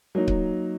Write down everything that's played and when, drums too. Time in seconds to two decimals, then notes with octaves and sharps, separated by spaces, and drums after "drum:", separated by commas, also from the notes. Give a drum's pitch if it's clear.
0.15 F#3 A#3 D#4
0.28 drum: kick C#1